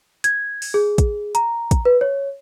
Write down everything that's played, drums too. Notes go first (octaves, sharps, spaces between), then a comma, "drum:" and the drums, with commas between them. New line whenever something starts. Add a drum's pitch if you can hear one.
G#6, drum: hi-hat
drum: open hi-hat
G#4
drum: kick, hi-hat
A#5, drum: hi-hat
drum: kick, hi-hat
B4
C#5